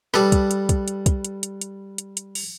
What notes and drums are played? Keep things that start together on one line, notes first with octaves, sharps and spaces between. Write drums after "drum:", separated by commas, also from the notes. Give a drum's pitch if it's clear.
G3 A4 B4, drum: snare
drum: kick, hi-hat
drum: hi-hat
drum: kick, hi-hat
drum: hi-hat
drum: kick, hi-hat
drum: hi-hat
drum: hi-hat
drum: hi-hat
drum: hi-hat
drum: hi-hat
drum: open hi-hat